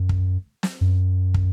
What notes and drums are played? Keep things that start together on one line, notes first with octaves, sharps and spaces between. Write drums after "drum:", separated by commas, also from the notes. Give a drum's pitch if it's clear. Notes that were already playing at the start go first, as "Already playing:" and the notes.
Already playing: F#2
drum: kick
drum: snare
F#2
drum: kick